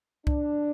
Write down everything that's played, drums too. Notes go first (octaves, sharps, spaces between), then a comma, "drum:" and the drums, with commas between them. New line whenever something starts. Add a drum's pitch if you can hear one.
D4, drum: kick C2